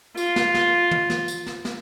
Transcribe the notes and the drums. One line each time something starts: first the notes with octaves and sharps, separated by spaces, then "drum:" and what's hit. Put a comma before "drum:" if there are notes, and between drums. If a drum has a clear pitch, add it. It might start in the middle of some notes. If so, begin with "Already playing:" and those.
F4, drum: tambourine
drum: snare
drum: snare
drum: tom
drum: snare
drum: tambourine
drum: snare
drum: snare